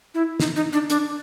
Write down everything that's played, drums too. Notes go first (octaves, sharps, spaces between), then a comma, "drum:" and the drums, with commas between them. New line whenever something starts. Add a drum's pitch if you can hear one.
E4
D#4, drum: snare
D#4
D4
D4, drum: hi-hat